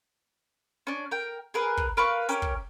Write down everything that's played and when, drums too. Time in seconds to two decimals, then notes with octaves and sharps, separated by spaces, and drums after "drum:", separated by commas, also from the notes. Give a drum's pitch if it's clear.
0.87 C#4 D4
1.11 A#4 G5
1.54 G#4 A#4 B4
1.78 drum: kick
1.97 A#4 B4 F5 C#6
2.29 C#4 G4 A#4, drum: hi-hat
2.42 drum: kick